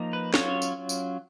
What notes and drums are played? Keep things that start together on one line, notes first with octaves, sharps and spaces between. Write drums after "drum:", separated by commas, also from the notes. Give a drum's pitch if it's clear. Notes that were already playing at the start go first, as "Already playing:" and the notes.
Already playing: F3 A#3 D#4
B4
F#3 C#4 F4 C#5, drum: snare
drum: tambourine
drum: tambourine